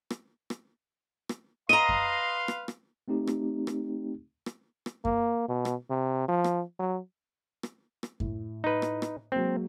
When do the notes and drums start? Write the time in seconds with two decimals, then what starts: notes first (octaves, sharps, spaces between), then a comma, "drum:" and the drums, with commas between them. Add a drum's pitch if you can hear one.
0.10 drum: rim click
0.50 drum: rim click
1.29 drum: rim click
1.69 B4 D#5 F5 A#5 C6 D#7, drum: rim click
1.89 drum: kick F#2
2.48 drum: rim click
2.68 drum: rim click
3.08 A3 C4 D#4 G4
3.27 drum: rim click
3.67 drum: rim click
4.46 drum: rim click
4.86 drum: rim click
5.05 A#3, drum: kick F#2
5.49 B2
5.65 drum: rim click
5.90 C3
6.28 F3
6.44 drum: rim click
6.79 F#3
7.63 drum: rim click
8.03 drum: rim click
8.20 A2, drum: kick F#2
8.64 D#4 B4
8.82 drum: rim click
9.02 drum: rim click
9.32 F#3 G#3 A#3 C4